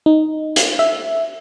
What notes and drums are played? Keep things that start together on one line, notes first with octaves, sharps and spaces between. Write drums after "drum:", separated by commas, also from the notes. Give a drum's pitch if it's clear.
D#4
drum: hi-hat
E5